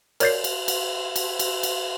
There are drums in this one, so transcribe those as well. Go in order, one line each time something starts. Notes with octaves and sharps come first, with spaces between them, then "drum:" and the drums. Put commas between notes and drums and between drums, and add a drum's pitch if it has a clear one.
A#4 C#5 D5 G6 A6 C7, drum: cymbal
drum: cymbal
drum: cymbal
drum: cymbal
drum: cymbal
drum: cymbal